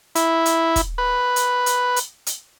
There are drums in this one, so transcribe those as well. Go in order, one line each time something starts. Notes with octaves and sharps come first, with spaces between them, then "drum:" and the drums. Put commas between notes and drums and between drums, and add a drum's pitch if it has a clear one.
E4, drum: hi-hat
drum: hi-hat
drum: kick, hi-hat
B4
drum: hi-hat
drum: hi-hat
drum: hi-hat
drum: hi-hat